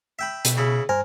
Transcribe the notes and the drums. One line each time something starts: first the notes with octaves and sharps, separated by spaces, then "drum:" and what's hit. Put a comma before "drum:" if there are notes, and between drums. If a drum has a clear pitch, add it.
E5 G5 B5
B2, drum: hi-hat
C#3 E4
G2 A#4 C5 G#5